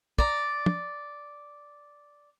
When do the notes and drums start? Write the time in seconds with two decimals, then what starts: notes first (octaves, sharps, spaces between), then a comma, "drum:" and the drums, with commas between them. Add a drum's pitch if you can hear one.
0.18 D5 A#5, drum: kick
0.66 drum: tom